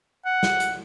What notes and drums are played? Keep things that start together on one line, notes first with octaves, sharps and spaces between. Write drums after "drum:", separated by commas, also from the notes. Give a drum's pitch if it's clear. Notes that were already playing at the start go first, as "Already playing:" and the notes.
F#5
drum: snare
drum: hi-hat